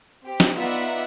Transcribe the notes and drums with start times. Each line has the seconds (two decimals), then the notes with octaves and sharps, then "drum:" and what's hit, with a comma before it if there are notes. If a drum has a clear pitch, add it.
0.25 C4 G4
0.40 drum: snare
0.55 B3 D#4 F4 D5 E5 F#5